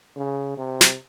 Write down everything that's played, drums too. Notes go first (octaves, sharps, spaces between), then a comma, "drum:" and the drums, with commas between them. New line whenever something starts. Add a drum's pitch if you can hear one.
C#3
C3
drum: snare